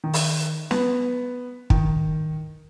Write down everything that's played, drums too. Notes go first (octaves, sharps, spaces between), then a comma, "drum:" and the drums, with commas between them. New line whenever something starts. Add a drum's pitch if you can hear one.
D#3
drum: open hi-hat
B3, drum: snare
D#3, drum: kick